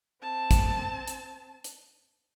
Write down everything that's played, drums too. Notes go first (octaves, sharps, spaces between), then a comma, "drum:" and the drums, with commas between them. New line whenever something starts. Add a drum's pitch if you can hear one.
C4 A5
drum: kick, hi-hat
drum: hi-hat
drum: hi-hat